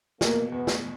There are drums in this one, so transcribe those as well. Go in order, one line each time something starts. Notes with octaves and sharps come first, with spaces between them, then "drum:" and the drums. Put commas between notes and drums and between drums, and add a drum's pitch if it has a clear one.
B2 A#3, drum: snare
E2 B3
drum: snare